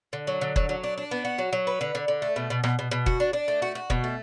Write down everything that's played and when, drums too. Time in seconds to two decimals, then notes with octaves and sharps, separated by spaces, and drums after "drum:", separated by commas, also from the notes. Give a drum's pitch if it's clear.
0.13 D3
0.27 F#3
0.41 D3
0.56 F#3, drum: kick
0.69 F#3
0.84 D4
0.98 D4
1.11 B3
1.25 F#4
1.38 F#3
1.53 F#3
1.67 B4
1.81 D3
1.95 D3
2.08 D3
2.22 A3
2.36 B2
2.50 B2
2.64 B2, drum: rim click
2.79 B2
2.91 B2
3.06 F#4, drum: kick
3.20 D4
3.33 D4
3.48 A3
3.62 F#4
3.75 F#4
3.90 B2, drum: kick
4.04 A3